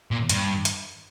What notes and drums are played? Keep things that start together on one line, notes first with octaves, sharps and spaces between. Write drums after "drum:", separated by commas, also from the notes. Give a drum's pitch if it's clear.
A#2
G2, drum: hi-hat
drum: hi-hat